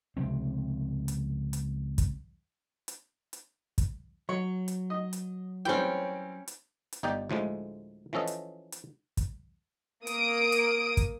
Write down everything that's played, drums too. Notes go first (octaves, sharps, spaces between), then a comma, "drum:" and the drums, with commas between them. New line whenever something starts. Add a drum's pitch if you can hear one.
C#2 C3 F3 C4
drum: hi-hat
drum: hi-hat
drum: kick, hi-hat
drum: hi-hat
drum: hi-hat
drum: kick, hi-hat
F#3 C#5
drum: hi-hat
D#5
drum: hi-hat
E3 G3 C4 C#4 G5
drum: hi-hat
drum: hi-hat
G1 D#4 G4 D5 G5
D2 A2 F3 G#3
E3 F3 C#4 A4 D#5
drum: hi-hat
drum: hi-hat
drum: kick, hi-hat
A#3 D#6 D7, drum: hi-hat
drum: hi-hat
drum: kick, hi-hat